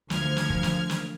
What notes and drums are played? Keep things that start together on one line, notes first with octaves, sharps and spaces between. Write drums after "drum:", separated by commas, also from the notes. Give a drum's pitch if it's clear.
D2 F3 F6 G#6, drum: snare
drum: snare
drum: kick
drum: snare
drum: snare